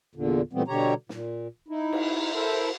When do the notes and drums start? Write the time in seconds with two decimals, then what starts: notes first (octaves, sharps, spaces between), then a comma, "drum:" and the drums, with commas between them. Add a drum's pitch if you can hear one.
0.15 E2 A#2 D3
0.53 A#2 E3 G3 A3 B3 C4
0.68 B2 D3 G3 G4 C#5 A#5
1.09 A#2, drum: snare
1.68 D#4 E4
1.93 drum: cymbal
2.34 E4 A4 A#4 C5 E5